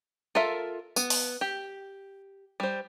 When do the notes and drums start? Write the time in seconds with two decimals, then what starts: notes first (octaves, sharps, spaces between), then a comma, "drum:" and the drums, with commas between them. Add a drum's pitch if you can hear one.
0.35 F4 A4 A#4 E5
0.96 B3, drum: tambourine
1.10 drum: open hi-hat
1.41 G4
2.60 G3 C5